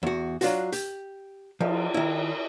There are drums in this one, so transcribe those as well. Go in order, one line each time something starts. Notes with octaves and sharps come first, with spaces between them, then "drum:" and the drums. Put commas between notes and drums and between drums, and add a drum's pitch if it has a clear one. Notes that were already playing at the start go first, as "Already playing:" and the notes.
E2 F#4
F#3 D4 F4 F#4, drum: hi-hat
G4, drum: hi-hat
F3, drum: cymbal
D#3 E4